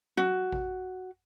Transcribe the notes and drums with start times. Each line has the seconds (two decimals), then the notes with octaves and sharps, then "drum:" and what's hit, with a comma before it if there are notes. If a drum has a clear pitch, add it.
0.17 F#4, drum: tom F#3
0.52 drum: kick A1